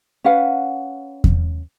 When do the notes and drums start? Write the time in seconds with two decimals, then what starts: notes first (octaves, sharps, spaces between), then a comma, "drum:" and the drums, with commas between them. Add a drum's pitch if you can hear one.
0.24 C#4 B4 F5 F#5
1.24 drum: kick E2